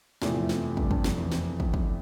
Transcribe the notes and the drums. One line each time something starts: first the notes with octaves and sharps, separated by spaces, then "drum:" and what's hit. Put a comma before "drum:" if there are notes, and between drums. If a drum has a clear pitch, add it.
E2 A2 C3 F3 A3 C4, drum: snare
F2
drum: snare
F2
G2, drum: kick
G2, drum: kick
F2, drum: snare
E2
F2, drum: snare
drum: kick
drum: kick